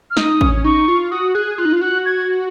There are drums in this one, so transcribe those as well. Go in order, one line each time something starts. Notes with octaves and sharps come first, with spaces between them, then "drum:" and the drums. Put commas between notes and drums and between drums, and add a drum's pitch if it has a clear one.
F6
D#4 D#6, drum: snare
C#4, drum: kick
D#4 C#6
F4
F#4 D#6
G#4 F#6
F4 F#6
D#4
F4
F#4 F#6
G#6